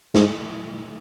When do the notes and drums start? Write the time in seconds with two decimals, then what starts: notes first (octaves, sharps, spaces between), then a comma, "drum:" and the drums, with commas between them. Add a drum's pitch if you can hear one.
0.15 G#2, drum: snare